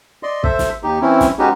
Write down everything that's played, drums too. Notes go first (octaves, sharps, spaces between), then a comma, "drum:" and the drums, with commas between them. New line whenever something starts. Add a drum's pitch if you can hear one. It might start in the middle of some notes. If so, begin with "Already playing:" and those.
D5 D#5 C6
A4 C5 E5, drum: kick
drum: snare
D#2 D#4 G4
E3 C4 C#4 E4
drum: snare
G#3 B3 C#4 D#4 F#4 G4